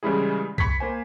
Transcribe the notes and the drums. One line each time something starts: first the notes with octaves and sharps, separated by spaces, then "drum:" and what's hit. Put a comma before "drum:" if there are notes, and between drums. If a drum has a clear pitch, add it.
C#3 E3 G3 G#3 E4 G#4
B5 C#6 G#6 B6, drum: kick C2
A#3 C5 G#5